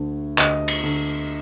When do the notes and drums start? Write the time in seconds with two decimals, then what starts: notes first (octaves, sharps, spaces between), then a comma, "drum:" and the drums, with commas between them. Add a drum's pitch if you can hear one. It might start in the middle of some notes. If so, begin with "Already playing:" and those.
Already playing: D2 D3
0.38 D2 D#5, drum: clap
0.68 drum: cymbal
0.83 D3